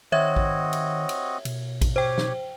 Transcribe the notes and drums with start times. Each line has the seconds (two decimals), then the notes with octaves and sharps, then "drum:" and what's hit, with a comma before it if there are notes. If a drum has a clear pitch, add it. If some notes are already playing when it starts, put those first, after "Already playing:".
0.12 D#3 C4 F#4 C#5 D#5 E5 G#6
0.36 drum: kick A1
0.73 drum: cymbal
1.09 drum: cymbal
1.45 B2, drum: cymbal
1.81 drum: kick A1, cymbal
1.96 G4 C5 C#5 G5
2.18 drum: snare